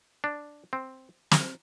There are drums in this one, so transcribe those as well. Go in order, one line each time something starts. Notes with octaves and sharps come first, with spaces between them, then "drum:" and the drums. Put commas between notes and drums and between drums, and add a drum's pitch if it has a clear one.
D4
C4
A#5, drum: snare